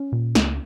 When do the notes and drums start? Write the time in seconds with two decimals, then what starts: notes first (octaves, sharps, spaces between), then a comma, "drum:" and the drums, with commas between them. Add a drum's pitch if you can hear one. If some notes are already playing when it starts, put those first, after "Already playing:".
Already playing: C#4
0.12 A#2
0.35 C#2, drum: snare